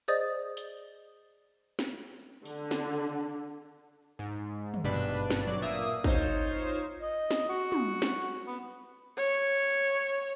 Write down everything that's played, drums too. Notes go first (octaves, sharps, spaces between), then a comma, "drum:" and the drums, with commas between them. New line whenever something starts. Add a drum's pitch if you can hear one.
G#4 C5 D5 D#5 D#6 A6
drum: hi-hat
drum: snare
D3, drum: open hi-hat
drum: snare
G#2
drum: tom
G#1 G2 B2 D4 B4
drum: snare
G1 F#3 D5
A#2 A#3 E5 D#6
D#4 F4 C5 C#5, drum: kick G#1
D#5
drum: snare
F#4
drum: tom
drum: snare
B3
C#5